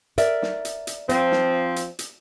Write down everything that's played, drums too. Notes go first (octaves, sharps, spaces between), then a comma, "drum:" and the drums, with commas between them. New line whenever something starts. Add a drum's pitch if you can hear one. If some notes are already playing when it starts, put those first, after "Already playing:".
A#4 D5 E5, drum: hi-hat
drum: snare
drum: hi-hat
drum: hi-hat
F3 C4 C5, drum: hi-hat
drum: snare
drum: hi-hat
drum: hi-hat